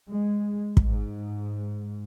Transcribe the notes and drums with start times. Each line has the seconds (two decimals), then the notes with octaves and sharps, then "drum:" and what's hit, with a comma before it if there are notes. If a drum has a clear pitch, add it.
0.10 G#3
0.77 drum: kick
0.87 G#2